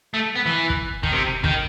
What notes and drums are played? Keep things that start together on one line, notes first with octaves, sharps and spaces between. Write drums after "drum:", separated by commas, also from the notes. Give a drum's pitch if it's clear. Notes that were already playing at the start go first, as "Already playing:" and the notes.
A3
B3
E3
drum: kick
D#3, drum: kick
C3
D#3, drum: kick